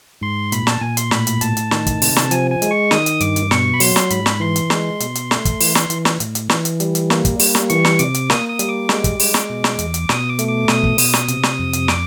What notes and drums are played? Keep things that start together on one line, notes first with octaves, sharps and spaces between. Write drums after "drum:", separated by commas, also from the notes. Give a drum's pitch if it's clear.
G#2 C6
A#2 B5, drum: hi-hat
A5, drum: snare
A#2 G#5
C6, drum: hi-hat
A2 B5, drum: snare
drum: hi-hat
A2 A5, drum: hi-hat
drum: hi-hat
D#3, drum: snare
drum: kick, hi-hat
C3, drum: open hi-hat
drum: snare
F3 G#5, drum: hi-hat
G#5
G#3, drum: hi-hat
C#6
D#3 D#6, drum: snare
drum: hi-hat
G2 D6, drum: hi-hat
drum: hi-hat
B2 C#6, drum: snare
B5
F#3 C6, drum: open hi-hat
drum: snare
G#2 B5, drum: hi-hat
drum: snare
E3 C6
drum: hi-hat
G#3, drum: snare
B2, drum: hi-hat
drum: hi-hat
A3, drum: snare
drum: kick, hi-hat
E3, drum: open hi-hat
drum: snare
E3, drum: hi-hat
drum: snare
A2, drum: hi-hat
drum: hi-hat
E3, drum: snare
drum: hi-hat
G3, drum: hi-hat
drum: hi-hat
A#3, drum: snare
drum: kick, hi-hat
G3, drum: open hi-hat
drum: snare
E3 C#6, drum: hi-hat
drum: snare
C3 D6, drum: hi-hat
drum: hi-hat
A#3 D#6, drum: snare
D#6
G3, drum: hi-hat
D6
G#3, drum: snare
drum: kick, hi-hat
G#3, drum: open hi-hat
drum: snare
B2
drum: snare
E2, drum: hi-hat
drum: hi-hat
B2 D#6, drum: snare
D6
A3, drum: hi-hat
D6
B2 D#6, drum: snare
drum: kick
B2, drum: open hi-hat
drum: snare
C3, drum: hi-hat
drum: snare
F2
drum: hi-hat
D6, drum: snare